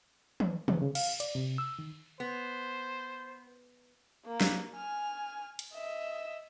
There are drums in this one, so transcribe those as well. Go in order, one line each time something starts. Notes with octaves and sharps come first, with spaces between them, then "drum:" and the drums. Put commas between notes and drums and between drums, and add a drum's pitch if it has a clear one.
drum: tom
C#3, drum: tom
C#3
F5, drum: cymbal
D5, drum: cymbal
C3
E6
D#3
B3 C5
A#3
drum: snare
G#5 F6
drum: cymbal
D#5 E5